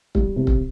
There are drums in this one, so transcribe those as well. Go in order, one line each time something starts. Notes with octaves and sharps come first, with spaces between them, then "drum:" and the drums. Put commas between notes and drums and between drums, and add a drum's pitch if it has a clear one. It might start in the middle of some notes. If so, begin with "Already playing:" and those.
G3, drum: kick C#1
C3
drum: kick C#1